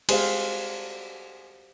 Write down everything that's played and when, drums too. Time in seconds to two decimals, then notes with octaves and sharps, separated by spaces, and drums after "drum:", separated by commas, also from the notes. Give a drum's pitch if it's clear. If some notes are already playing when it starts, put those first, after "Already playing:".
0.09 G#3 G4 C5 F5, drum: cymbal